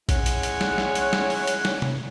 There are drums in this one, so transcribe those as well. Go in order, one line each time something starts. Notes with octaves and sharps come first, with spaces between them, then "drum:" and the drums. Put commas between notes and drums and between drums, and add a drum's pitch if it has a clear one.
G#3 C#4 E4 C#5 F#5, drum: kick A#1, hi-hat
drum: hi-hat
drum: hi-hat
drum: snare
drum: snare
drum: hi-hat
drum: snare
drum: open hi-hat
drum: hi-hat
drum: snare
drum: tom